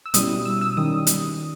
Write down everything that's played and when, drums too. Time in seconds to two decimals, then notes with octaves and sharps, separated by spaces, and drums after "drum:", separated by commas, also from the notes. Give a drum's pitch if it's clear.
0.06 E6
0.14 B2 G3 C#4 E4 D#6, drum: hi-hat
0.45 E6
0.61 E6
0.77 D#3 G3 C#4 D#6
1.07 drum: hi-hat